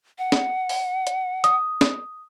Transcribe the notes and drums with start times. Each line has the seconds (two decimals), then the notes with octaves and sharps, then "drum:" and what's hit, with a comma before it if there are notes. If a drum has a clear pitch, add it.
0.18 F#5
0.32 drum: snare
0.69 drum: open hi-hat
1.07 drum: hi-hat
1.44 D#6, drum: hi-hat
1.81 drum: snare